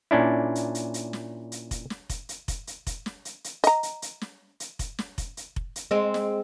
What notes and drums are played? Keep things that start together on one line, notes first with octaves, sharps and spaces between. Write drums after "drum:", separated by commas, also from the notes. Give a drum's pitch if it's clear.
A#2 C#4 D4 E4
drum: hi-hat
drum: hi-hat
drum: hi-hat
drum: snare
drum: hi-hat
drum: kick F1, hi-hat
drum: snare
drum: kick F1, hi-hat
drum: hi-hat
drum: kick F1, hi-hat
drum: hi-hat
drum: kick F1, hi-hat
drum: snare
drum: hi-hat
drum: hi-hat
D#5 A#5, drum: hi-hat
drum: hi-hat
drum: hi-hat
drum: snare
drum: hi-hat
drum: kick F1, hi-hat
drum: snare
drum: kick F1, hi-hat
drum: hi-hat
drum: kick F1
drum: hi-hat
G#3 C4
drum: snare